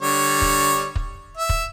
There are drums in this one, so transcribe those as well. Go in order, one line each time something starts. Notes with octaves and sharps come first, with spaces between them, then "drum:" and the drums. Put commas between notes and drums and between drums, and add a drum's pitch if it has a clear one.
D3 G3 C#5
drum: kick
drum: kick
E5
drum: kick